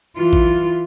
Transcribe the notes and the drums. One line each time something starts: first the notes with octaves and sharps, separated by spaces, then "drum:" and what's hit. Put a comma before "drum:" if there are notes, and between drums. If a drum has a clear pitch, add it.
E3 F4
drum: kick A1